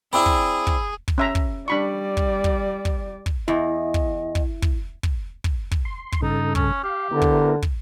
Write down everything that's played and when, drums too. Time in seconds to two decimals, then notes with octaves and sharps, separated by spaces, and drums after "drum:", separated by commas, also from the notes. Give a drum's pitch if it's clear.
0.13 C4 D4 E4 G#4 B5 E6
0.26 drum: kick
0.67 drum: kick
1.08 drum: kick
1.18 C#4 E5 A#5
1.35 drum: kick
1.68 G3 D4 D5 B5 C#6
2.17 drum: kick
2.44 drum: kick
2.85 drum: kick
3.26 drum: kick
3.48 E2 E4 D#5
3.94 drum: kick
4.35 drum: kick
4.62 drum: kick
5.03 drum: kick
5.44 drum: kick
5.71 drum: kick
5.85 C6
6.12 drum: kick
6.22 G2 C#3 D#4 A4
6.55 C#4, drum: kick
6.84 G4 F5
7.11 D3 B3 E4 A#4
7.22 drum: kick
7.62 drum: kick